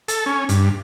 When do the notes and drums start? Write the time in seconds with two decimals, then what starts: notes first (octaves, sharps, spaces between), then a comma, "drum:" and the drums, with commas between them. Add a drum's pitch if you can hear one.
0.08 A4, drum: hi-hat
0.26 C#4
0.49 G2, drum: hi-hat